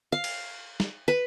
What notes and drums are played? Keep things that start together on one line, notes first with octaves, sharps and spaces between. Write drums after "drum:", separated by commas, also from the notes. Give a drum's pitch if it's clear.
F5
drum: cymbal
drum: snare
B4